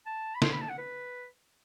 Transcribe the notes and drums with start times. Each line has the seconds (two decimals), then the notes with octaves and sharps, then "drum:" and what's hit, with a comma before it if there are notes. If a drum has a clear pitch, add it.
0.06 A5
0.35 B5
0.42 C6, drum: snare
0.52 B5
0.61 A5
0.69 F#5
0.78 B4